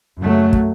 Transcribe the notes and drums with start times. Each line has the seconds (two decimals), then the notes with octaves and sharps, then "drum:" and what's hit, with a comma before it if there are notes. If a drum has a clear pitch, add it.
0.22 F#2 C#3 F#3 A3
0.53 drum: kick